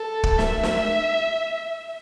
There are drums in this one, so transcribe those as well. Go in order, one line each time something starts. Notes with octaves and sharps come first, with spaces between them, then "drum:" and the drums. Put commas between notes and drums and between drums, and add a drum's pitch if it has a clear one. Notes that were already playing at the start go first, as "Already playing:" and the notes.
Already playing: A4
drum: kick
E5, drum: snare
drum: snare